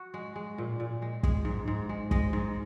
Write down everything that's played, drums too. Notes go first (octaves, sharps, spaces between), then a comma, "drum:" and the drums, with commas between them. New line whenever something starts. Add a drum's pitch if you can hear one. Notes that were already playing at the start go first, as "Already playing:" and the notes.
Already playing: F#4
G#3
G#3
A#2
A#2
G#3
G#3 G#4, drum: kick
G#2
G#2
G#3
G#3 D#5, drum: kick
G#2